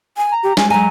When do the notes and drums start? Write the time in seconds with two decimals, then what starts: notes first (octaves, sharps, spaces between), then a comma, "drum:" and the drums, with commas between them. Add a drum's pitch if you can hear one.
0.17 G#5
0.32 A#5
0.43 G4
0.57 G#3 G#5, drum: snare
0.70 F#3 G#5 A#5